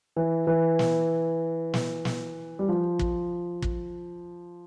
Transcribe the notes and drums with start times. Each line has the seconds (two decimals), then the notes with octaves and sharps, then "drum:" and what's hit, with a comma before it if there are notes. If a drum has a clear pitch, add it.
0.16 E3
0.47 E3
0.79 drum: snare
1.74 drum: snare
2.05 drum: snare
2.59 G3
2.69 F3
3.00 drum: kick
3.63 drum: kick